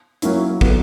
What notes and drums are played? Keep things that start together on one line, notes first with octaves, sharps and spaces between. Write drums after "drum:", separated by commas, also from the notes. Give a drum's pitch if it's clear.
F#3 A#3 C#4 E4, drum: hi-hat
D3 F#3 B3, drum: kick